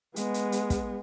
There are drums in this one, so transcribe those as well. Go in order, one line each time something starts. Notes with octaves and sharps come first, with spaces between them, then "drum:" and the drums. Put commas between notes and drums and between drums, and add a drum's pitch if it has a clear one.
G#3 B3, drum: hi-hat
drum: hi-hat
drum: hi-hat
drum: kick, hi-hat